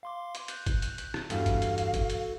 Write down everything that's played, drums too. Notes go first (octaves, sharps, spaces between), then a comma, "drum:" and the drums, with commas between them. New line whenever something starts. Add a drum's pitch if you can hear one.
F5 C6 D6
drum: hi-hat
F#6 G6, drum: hi-hat
drum: kick, hi-hat
drum: hi-hat
drum: hi-hat
drum: rim click
E2 G2 F#4 A4 F5, drum: hi-hat
drum: kick, hi-hat
drum: hi-hat
drum: hi-hat
drum: kick, hi-hat
drum: hi-hat